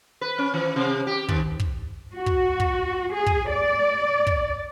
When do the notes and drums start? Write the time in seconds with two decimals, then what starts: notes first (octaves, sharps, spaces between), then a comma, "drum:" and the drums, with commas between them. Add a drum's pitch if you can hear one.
0.21 B4
0.38 C#4
0.54 E3
0.76 C3
1.07 G4
1.29 D#3, drum: kick
1.60 drum: kick
2.15 F#4
2.26 drum: kick
2.60 drum: kick
3.14 G#4
3.26 drum: kick
3.53 D5
4.27 drum: kick